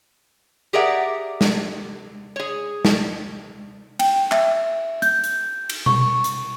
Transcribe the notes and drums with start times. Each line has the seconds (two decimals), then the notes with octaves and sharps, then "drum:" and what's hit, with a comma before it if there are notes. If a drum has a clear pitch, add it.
0.73 G4 G#4 A#4 D5 E5 F#5
1.41 drum: snare
2.36 G#4 C#5
2.85 drum: snare
3.99 G5, drum: cymbal
4.31 E5, drum: clap
5.02 G6, drum: hi-hat
5.24 drum: hi-hat
5.69 drum: cymbal
5.86 C#6, drum: tom B2
6.24 drum: hi-hat